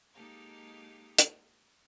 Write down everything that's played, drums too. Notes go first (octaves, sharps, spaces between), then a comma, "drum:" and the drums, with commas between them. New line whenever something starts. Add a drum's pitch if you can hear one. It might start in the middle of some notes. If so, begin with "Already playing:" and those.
G#3 A#3 D#4 G4 A4 F5
drum: hi-hat